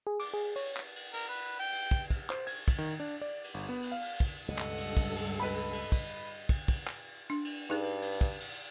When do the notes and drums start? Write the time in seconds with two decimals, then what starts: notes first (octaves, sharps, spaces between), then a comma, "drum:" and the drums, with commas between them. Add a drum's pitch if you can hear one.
0.07 G#4
0.20 D6, drum: cymbal
0.33 G#4
0.56 C#5, drum: cymbal
0.77 drum: clap
0.96 drum: cymbal
1.14 A#4, drum: cymbal
1.29 B4
1.60 G5
1.72 drum: cymbal
1.91 drum: kick
2.10 drum: kick, cymbal
2.30 C5, drum: clap
2.47 G#6, drum: cymbal
2.68 drum: kick, cymbal
2.78 D#3
3.00 D4
3.22 D5
3.44 drum: cymbal
3.54 G1
3.69 B3
3.82 drum: cymbal
3.92 F5
4.01 drum: cymbal
4.20 drum: kick, cymbal
4.48 C#2 G2 B2 A4 D#5 F#5
4.58 drum: clap
4.78 drum: cymbal
4.97 drum: kick, cymbal
5.16 drum: cymbal
5.40 B4 D#5 B5
5.54 drum: cymbal
5.73 drum: cymbal
5.92 drum: kick, cymbal
6.49 drum: kick, cymbal
6.68 drum: kick, cymbal
6.87 drum: clap
7.30 D4
7.45 drum: cymbal
7.70 G2 D#4 G#4 B4
7.83 drum: cymbal
8.02 drum: cymbal
8.21 drum: kick, cymbal
8.40 drum: cymbal